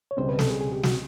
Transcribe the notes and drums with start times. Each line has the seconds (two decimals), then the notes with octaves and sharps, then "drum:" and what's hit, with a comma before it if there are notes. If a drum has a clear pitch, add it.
0.11 C#5
0.17 C#2 B2 G3 C4 C5
0.29 B4
0.39 A4, drum: snare
0.50 G#4
0.61 G#4
0.72 G4
0.83 F#4, drum: snare